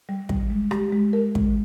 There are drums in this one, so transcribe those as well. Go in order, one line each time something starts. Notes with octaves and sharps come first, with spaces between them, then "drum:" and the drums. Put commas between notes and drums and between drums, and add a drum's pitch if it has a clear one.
G3
G3, drum: kick
G#3
G4, drum: rim click
G#3
A#4
G#3, drum: kick